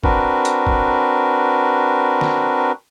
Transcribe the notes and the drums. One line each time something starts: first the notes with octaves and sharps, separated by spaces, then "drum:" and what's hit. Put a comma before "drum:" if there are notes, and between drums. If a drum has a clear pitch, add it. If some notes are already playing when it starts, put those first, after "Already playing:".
C4 D4 F#4 A#4 B4, drum: kick
drum: hi-hat
drum: kick
drum: snare